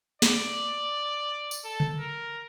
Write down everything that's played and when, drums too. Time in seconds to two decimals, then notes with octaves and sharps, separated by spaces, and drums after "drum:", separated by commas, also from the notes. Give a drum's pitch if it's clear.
0.22 D5, drum: snare
1.51 drum: tambourine
1.64 A4
1.80 drum: tom C#3
1.99 A#4